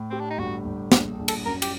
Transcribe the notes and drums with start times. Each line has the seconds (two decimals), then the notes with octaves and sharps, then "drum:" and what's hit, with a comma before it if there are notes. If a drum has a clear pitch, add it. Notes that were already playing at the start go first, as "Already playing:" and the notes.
Already playing: A2
0.10 C4 G4
0.20 D4
0.30 D#4
0.38 G1 F#4
0.65 G1
0.92 A#1 G4, drum: snare
1.19 A#1
1.28 A4, drum: cymbal
1.45 F#2 A#4
1.62 G4, drum: cymbal